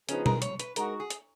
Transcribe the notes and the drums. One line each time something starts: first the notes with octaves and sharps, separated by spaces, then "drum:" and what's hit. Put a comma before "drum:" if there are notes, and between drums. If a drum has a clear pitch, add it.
C#3 F3 B3 C#4 D#4 G#4, drum: hi-hat
A#4, drum: tom B2
C#5, drum: hi-hat
B4, drum: hi-hat
G#3 D#4 F#4 A#4, drum: hi-hat
G#4
drum: hi-hat